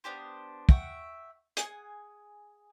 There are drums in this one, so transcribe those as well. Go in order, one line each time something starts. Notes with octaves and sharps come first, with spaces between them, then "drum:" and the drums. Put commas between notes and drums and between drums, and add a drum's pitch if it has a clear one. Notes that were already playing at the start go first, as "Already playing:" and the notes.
B3 D4 G4 C5
E5 F#5 G5 C#6, drum: kick
G#4 F#5 G#5, drum: hi-hat